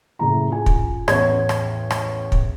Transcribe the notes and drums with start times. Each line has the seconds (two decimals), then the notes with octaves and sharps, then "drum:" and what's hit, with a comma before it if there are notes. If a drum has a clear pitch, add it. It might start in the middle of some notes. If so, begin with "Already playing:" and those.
0.19 F#1 A2 A#5
0.50 F4 G#4 G#5
0.66 drum: kick
1.08 A1 E2 B3 C#5 G#6, drum: rim click
1.49 drum: rim click
1.91 drum: rim click
2.32 drum: kick